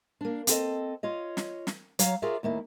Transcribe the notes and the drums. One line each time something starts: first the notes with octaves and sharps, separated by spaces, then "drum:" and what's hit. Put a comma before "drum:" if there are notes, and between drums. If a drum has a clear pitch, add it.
A#3 D4
C4 A4 D#5, drum: hi-hat
F4 C#5 D#5
drum: snare
drum: snare
F#3 C#5 F5 A#5, drum: hi-hat
F4 G#4 A#4 C#5 D5 E5
D#2 A3 A#3 E4